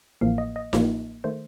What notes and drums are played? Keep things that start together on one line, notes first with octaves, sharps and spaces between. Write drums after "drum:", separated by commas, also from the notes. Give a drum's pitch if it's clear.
A1 A2 F3 A#3 F5
D#5
D#5
A1 A2 F3 A#3 F4, drum: snare D#4
D#3 A3 C5